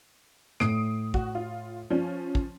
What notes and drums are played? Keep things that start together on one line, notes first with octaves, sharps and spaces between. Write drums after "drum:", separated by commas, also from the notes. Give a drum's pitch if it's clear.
A2 D#6 C7 D7, drum: rim click
F#4, drum: kick
F4
F3 C#4
drum: kick